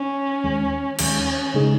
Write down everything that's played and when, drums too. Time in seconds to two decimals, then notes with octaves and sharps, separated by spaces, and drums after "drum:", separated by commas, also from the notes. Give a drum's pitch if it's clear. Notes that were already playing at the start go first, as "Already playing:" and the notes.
Already playing: C#4
0.44 D#2 D#3 G#3
0.98 D#2 D#3 G#3 C#4, drum: cymbal
1.54 C#3 G#3 D#4 G#4